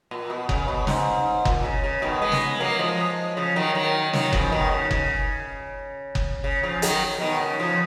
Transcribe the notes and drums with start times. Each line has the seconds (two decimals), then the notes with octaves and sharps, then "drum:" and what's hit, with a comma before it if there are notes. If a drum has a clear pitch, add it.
0.11 A#2
0.30 B2
0.49 C#3, drum: kick F#1
0.68 B2
0.87 G#2, drum: snare
1.45 A#2, drum: kick F#1
1.64 C#3
1.84 C#3
2.02 B2 D#3
2.21 G#3 B3
2.32 drum: snare
2.60 F#3 A#3
2.79 F3 G#3
3.37 C#3 F3
3.56 D#3 F#3
3.75 D#3 F#3
4.13 D#3 F#3, drum: snare
4.33 C#3 F3, drum: kick F#1
4.52 B2 D#3
4.71 C#3
4.91 C#3, drum: kick F#1
6.15 drum: kick F#1
6.44 C#3
6.63 C#3 F3
6.82 D#3 F#3, drum: hi-hat
7.20 B2 D#3
7.41 C#3
7.60 C#3 F3